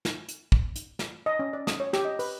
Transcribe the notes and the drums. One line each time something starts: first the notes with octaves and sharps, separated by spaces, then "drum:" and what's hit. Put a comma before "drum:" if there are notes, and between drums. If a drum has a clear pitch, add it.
drum: snare
drum: hi-hat
drum: kick
drum: hi-hat
drum: snare
D#5
C#4
D5
D#6, drum: snare
C#5
G4, drum: snare
D#5
B4, drum: open hi-hat